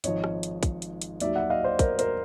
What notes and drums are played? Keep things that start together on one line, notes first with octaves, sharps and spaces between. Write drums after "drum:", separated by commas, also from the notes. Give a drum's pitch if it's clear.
G#1 G#2 F3 C#5 D#5, drum: hi-hat
drum: rim click
drum: hi-hat
drum: kick, hi-hat
drum: hi-hat
drum: hi-hat
D#2 D#3 F#3 D5 E5, drum: hi-hat
E5 F#5
D#5 F5
C5 D5
A#4 C5, drum: kick, hi-hat
A#4 C5, drum: hi-hat